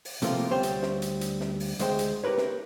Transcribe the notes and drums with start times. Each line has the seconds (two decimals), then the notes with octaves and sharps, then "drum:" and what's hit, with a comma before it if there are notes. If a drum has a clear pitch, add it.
0.05 drum: open hi-hat
0.22 C3 F3 A3 A#3 C4 F4, drum: hi-hat
0.51 D2 G3 C5 C#5 G5
0.63 drum: hi-hat
0.82 drum: snare
1.02 drum: hi-hat
1.21 drum: hi-hat
1.41 drum: snare
1.60 drum: open hi-hat
1.79 D2 G#3 C5 G5, drum: hi-hat
1.99 drum: hi-hat
2.24 G4 A#4 B4 C#5
2.37 drum: snare